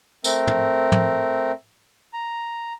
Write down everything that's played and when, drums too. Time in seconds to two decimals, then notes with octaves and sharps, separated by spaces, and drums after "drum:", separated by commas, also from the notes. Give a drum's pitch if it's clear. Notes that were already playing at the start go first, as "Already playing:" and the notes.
0.24 A3 C4 A#4, drum: tambourine
0.47 drum: tom
0.92 drum: tom
2.13 A#5